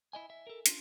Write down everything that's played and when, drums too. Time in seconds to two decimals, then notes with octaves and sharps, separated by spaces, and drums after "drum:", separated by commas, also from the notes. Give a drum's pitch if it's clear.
0.13 E4 D#5 G#5
0.30 E5
0.47 A4 A#4
0.66 C#4 D4 F4, drum: hi-hat